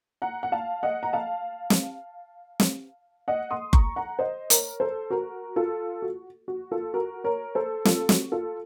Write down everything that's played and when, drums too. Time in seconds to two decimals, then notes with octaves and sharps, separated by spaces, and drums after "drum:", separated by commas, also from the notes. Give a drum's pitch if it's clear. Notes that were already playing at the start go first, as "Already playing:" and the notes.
0.22 F#5 A#5
0.43 F#5
0.52 F5 A5
0.83 D#5 F#5
1.03 A#5
1.13 F5 A5
1.70 drum: snare
2.60 drum: snare
3.28 D#5 F#5
3.51 C6 D#6
3.73 A#5 C#6, drum: kick F#1
3.96 F#5 A#5
4.19 C5 D#5
4.50 A#4 C#5, drum: hi-hat
4.80 A4 C5
5.10 F#4 A#4
5.56 F4 A4
6.02 F#4
6.48 F#4
6.72 F4 A4
6.94 F#4 A#4
7.24 A#4 C#5
7.55 A4 C5
7.85 F4 A4, drum: snare
8.09 F#4, drum: snare
8.32 F4 A4